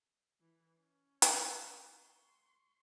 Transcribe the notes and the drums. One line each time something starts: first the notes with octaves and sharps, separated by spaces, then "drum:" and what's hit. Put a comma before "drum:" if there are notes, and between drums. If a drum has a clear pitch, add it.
E3
C#4
drum: hi-hat
C6 C#6